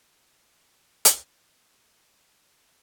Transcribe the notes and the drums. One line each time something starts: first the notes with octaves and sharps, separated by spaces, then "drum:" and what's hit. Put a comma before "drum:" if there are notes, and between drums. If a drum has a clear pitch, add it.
A#3 C#4
drum: hi-hat
C#4 G#4 D#5 G5